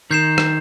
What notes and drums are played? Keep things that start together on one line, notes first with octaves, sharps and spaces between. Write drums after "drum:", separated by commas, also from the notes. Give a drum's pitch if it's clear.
D#3 G6 C7 E7
drum: rim click